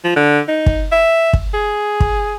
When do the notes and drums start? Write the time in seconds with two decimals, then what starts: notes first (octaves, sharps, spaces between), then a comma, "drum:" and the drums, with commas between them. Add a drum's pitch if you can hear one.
0.04 F3
0.16 D3
0.48 D#4
0.66 drum: kick
0.92 E5
1.33 drum: kick
1.54 G#4
2.00 drum: kick